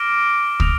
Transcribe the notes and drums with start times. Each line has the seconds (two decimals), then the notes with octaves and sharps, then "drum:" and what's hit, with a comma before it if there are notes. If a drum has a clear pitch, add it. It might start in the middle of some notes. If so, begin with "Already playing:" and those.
Already playing: D6 F6 A#6 D7
0.60 D#6 A#6 F7, drum: kick